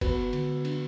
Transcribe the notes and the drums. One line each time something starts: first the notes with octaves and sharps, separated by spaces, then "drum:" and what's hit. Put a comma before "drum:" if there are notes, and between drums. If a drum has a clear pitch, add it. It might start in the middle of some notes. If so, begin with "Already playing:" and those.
B3 F#4 B4, drum: kick F#1, cymbal
D3, drum: cymbal
D4, drum: cymbal